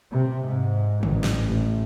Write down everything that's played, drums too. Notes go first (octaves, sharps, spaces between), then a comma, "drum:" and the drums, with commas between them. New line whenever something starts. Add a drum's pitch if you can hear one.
C3
G#2
A1, drum: tom
drum: snare
A1